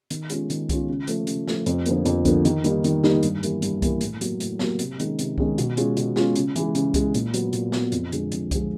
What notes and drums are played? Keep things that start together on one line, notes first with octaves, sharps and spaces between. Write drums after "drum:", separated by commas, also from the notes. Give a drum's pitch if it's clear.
D#3, drum: hi-hat
G#3 C#4 F4, drum: hi-hat
D#3, drum: hi-hat
G#3 C#4 F4, drum: kick C2, hi-hat
C#3
F3 A3, drum: hi-hat
C#3, drum: hi-hat
F3 A3, drum: snare
F2, drum: hi-hat
D3 F3 A#3, drum: hi-hat
F2, drum: hi-hat
D3 F3 A#3, drum: kick C2, hi-hat
D#3, drum: hi-hat
G3 A#3 D#4, drum: hi-hat
D#3, drum: hi-hat
G3 A#3 D#4, drum: snare
G2, drum: hi-hat
E3 G3 A#3, drum: hi-hat
G2, drum: hi-hat
E3 G3 A#3, drum: kick C2, hi-hat
A2, drum: hi-hat
F#3 A#3, drum: hi-hat
A2, drum: hi-hat
F#3 A#3, drum: snare
C3, drum: hi-hat
D#3 G#3 C#4, drum: hi-hat
C3, drum: hi-hat
D#3 G#3 C#4, drum: kick C2
B2, drum: hi-hat
G#3 C#4 F4, drum: hi-hat
B2, drum: hi-hat
G#3 C#4 F4, drum: snare
C#3, drum: hi-hat
E3 G#3, drum: hi-hat
C#3, drum: hi-hat
E3 G#3, drum: kick C2, hi-hat
A#2, drum: hi-hat
F#3 B3, drum: hi-hat
A#2, drum: hi-hat
F#3 B3, drum: snare
F2, drum: hi-hat
D3 F3 G#3, drum: hi-hat
F2, drum: hi-hat
D3 F3 G#3, drum: kick C2, hi-hat